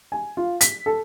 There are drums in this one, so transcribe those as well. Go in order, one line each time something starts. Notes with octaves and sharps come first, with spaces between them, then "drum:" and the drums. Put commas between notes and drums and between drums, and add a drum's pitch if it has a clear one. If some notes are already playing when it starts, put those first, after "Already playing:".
G#5
F4
B6, drum: hi-hat
A4